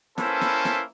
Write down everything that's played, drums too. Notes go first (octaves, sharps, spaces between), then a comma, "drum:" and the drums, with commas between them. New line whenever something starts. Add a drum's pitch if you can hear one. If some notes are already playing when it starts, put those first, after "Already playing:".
A#3 C#4 E4 A4 B4 C5, drum: snare
drum: snare
drum: snare